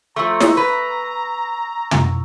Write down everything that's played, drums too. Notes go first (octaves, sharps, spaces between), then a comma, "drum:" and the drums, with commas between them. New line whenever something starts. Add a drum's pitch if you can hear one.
F3 A3 A#5 C#6 E6
drum: snare
B4
drum: tom